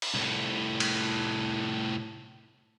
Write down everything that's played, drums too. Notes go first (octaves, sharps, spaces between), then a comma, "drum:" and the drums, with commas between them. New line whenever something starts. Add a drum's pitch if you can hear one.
drum: cymbal
C2 A2
drum: cymbal